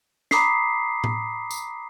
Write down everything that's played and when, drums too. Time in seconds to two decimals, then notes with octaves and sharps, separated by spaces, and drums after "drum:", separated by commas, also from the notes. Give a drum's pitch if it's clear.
0.31 A#5 B5 D6 D#6 B6 C7, drum: snare
1.04 drum: tom A2
1.51 drum: tambourine